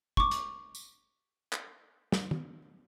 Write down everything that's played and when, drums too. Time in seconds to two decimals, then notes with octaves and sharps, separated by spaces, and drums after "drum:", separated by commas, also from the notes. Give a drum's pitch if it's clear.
0.17 C#6 D6, drum: kick
0.31 drum: hi-hat
0.75 drum: tambourine
1.53 drum: clap
2.12 drum: snare
2.31 drum: tom